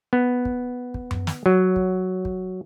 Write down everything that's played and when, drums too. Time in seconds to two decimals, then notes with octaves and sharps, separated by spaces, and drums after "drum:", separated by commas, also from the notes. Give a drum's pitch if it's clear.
0.13 B3
0.45 drum: kick
0.94 drum: kick
1.11 drum: tom F#2
1.27 drum: snare
1.46 F#3
1.76 drum: kick
2.25 drum: kick